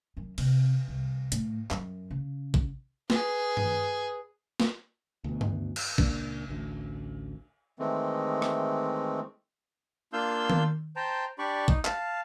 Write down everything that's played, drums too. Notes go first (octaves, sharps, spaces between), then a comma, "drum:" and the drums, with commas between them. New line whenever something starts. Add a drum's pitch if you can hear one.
F#2
C3, drum: cymbal
C2
A2, drum: hi-hat
F#2, drum: clap
C#3
drum: kick
G#4 B4, drum: snare
drum: tom G2
drum: snare
D2 B2
drum: tom G2
drum: cymbal
C#2 A#2 A#3 D4, drum: kick
A1 D2
D#3 E3 G#3 A3 C4
drum: rim click
A#3 D4 F4 F5 E6 G6
drum: tom D#3
C5 G5 A5 A#5
D4 G4 D5 B5 C#6
D#4, drum: kick
F5 A5, drum: clap